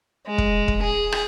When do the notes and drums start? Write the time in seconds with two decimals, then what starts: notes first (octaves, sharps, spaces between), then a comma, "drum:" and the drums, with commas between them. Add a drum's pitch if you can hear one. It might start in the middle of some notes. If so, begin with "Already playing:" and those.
0.27 G#3
0.38 drum: kick
0.68 drum: kick
0.83 G#4
1.12 drum: rim click